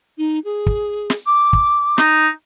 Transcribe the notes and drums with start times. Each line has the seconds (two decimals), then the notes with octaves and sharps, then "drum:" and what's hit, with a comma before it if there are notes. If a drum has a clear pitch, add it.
0.18 D#4
0.45 G#4
0.66 drum: kick
1.10 drum: snare
1.27 D6
1.53 drum: kick
1.98 D#4, drum: snare